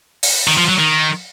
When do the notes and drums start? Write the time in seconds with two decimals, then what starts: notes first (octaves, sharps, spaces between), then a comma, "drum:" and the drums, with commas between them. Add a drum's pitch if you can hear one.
0.23 drum: open hi-hat
0.47 D#3
0.58 F3
0.69 F#3
0.79 D#3